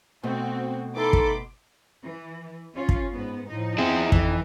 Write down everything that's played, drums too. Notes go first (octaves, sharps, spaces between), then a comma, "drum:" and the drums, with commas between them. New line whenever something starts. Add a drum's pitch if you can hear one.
B2 A3 C4 F#4
E3 D#4 A4 B5 C6 D6
drum: kick
E3
C#4 F4
drum: kick
G#2 B3
A2 F3 D#4
C4 E4 G#4
F2 E3, drum: kick